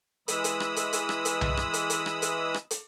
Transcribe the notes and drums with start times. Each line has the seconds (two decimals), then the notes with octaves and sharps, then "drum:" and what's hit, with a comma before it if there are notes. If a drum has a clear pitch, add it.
0.28 E3 G#3 B5 D#6 E6, drum: hi-hat
0.44 drum: hi-hat
0.60 drum: rim click
0.76 drum: hi-hat
0.93 drum: hi-hat
1.09 drum: rim click
1.25 drum: hi-hat
1.41 drum: tom C2
1.57 drum: rim click
1.74 drum: hi-hat
1.90 drum: hi-hat
2.06 drum: rim click
2.22 drum: hi-hat
2.54 drum: rim click
2.71 drum: hi-hat